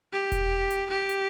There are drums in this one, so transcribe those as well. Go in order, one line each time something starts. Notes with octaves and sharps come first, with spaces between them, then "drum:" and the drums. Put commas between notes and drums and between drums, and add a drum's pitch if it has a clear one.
G4
drum: kick E1, hi-hat
drum: hi-hat
G4
drum: hi-hat